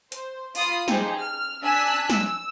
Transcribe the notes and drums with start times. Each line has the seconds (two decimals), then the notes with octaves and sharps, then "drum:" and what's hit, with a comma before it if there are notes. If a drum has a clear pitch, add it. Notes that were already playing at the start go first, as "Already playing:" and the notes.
0.12 C5, drum: hi-hat
0.55 F4 B5 D#6 C7, drum: open hi-hat
0.88 D#4 G4 G#4 C5, drum: snare
1.19 F6
1.64 D4 G#5 A5 E6 F#6 B6
2.10 E6, drum: snare